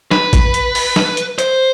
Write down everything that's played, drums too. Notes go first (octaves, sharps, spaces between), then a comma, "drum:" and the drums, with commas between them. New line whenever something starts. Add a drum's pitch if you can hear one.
B4, drum: snare
drum: kick, hi-hat
drum: hi-hat
drum: open hi-hat
drum: snare
drum: hi-hat
C5, drum: hi-hat